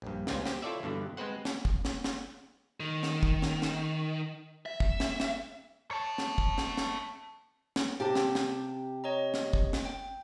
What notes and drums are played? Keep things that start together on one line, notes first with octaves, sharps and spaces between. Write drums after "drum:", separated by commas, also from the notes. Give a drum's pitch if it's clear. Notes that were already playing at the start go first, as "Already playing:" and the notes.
A#1 G2
C#2 G3 B3 C4 F4 G#5, drum: snare
C4 G4, drum: snare
E4 F4 A4 C#5 D5 E5
G2 B2 D3 E3
G#3 C4 B4 C5 F#5
drum: snare
drum: kick
drum: snare
drum: snare
D#3
drum: snare
drum: kick
drum: snare
drum: snare
E5
drum: kick
drum: snare
drum: snare
C#5 A5
drum: snare
drum: kick
drum: snare
drum: snare
drum: snare
C3 G4 G5 A5
drum: snare
drum: snare
C#5 D#5 A#5
drum: snare
drum: kick
drum: snare
G5